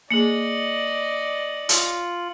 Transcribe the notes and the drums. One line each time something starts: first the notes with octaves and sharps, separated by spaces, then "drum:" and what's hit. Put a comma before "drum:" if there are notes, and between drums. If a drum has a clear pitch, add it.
A#3 G#4 D5 D#5 C#7 F#7
F4, drum: hi-hat